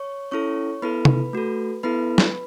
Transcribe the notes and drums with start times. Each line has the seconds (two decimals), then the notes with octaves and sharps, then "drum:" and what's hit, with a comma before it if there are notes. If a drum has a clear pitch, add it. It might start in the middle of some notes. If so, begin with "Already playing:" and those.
Already playing: C#5 C#6
0.31 C#4 E4 A4 C#5 C#6
0.82 B3 E4 A4 B4 B5
1.05 drum: tom C3
1.33 A3 F#4 A4
1.83 B3 E4 A4 B4 B5
2.18 drum: snare